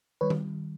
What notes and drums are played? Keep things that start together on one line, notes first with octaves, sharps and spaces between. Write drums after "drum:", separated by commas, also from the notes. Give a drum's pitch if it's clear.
D#3 G3 B4 C#5
drum: tom D#3